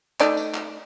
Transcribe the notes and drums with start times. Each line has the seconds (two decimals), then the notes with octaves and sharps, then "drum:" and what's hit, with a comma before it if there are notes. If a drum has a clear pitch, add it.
0.20 A3 D#4 D5, drum: clap
0.37 drum: tambourine
0.54 drum: clap